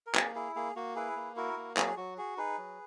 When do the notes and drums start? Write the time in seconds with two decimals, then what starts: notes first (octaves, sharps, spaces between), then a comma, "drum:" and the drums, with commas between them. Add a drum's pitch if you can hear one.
0.07 A#4
0.15 A#3 G#4, drum: clap
0.35 E4 G#4
0.56 A#3 G#4
0.76 A#3 F#4
0.95 E4 G#4 B4
1.16 A#3
1.36 E4 F#4 A#4
1.57 A#3
1.77 F#3 G#4, drum: clap
1.97 F#3 F#4
2.18 F#4 G#4
2.37 D#4 G#4 B4
2.58 F#3